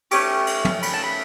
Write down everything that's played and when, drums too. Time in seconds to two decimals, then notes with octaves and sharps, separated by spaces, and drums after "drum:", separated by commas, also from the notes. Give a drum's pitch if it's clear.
0.11 A3 C#4 G4 D6, drum: cymbal
0.47 drum: cymbal
0.65 drum: tom
0.82 B5, drum: cymbal
0.94 A5
1.04 B5